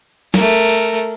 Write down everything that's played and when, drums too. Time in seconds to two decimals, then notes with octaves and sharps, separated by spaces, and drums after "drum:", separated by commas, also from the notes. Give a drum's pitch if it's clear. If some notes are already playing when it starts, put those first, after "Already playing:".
0.34 A3 A#4, drum: snare
0.69 drum: cymbal